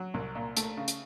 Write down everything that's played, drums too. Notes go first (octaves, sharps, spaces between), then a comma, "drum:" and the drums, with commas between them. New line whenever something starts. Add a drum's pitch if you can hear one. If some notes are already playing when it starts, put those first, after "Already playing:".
Already playing: F#3
C2
A#2
A3, drum: hi-hat
C#3
drum: hi-hat